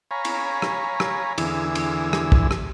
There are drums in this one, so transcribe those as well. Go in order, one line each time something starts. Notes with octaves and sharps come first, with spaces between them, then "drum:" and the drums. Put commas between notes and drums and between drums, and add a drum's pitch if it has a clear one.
C#5 F5 G#5 A#5 B5
drum: cymbal
drum: rim click
drum: rim click
E2 D3 E3 G#4 E6, drum: cymbal
drum: cymbal
drum: rim click
drum: kick
drum: rim click